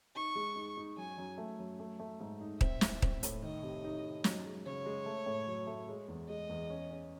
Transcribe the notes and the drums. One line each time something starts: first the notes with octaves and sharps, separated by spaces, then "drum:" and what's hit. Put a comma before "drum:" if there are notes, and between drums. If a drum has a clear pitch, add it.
D#4 C#6
G#3
D#4
D#4
F#2 G#5
F#2
A3
F#2
A3
A3
G#2
D#4
C4 E5, drum: kick D#1
E4, drum: snare
C4, drum: kick D#1
A2, drum: hi-hat
D#3 D#5
C3
D#4
D#4
F#2, drum: snare
G#3
C#3 C#5
G#3
A3
A2
F#3
A3
G#3
E2
G#3 D#5
E2
C#4
C#4